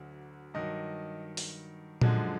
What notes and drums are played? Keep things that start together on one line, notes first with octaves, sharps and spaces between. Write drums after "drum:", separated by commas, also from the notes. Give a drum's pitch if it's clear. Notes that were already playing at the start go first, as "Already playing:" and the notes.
Already playing: D2 D3 F#3
G2 D#3 F#3 D#5
drum: open hi-hat
F#2 D3 F3 G#3, drum: tom A#2